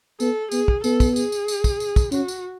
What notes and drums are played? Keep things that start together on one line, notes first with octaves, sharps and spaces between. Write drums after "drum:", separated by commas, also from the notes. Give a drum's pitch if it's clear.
B3 A4, drum: tambourine
B3 G#4, drum: tambourine
drum: kick
B3 A4, drum: tambourine
drum: kick, tambourine
G#4, drum: tambourine
drum: tambourine
drum: tambourine
drum: kick, tambourine
drum: tambourine
drum: kick, tambourine
C#4 F#4, drum: tambourine
drum: tambourine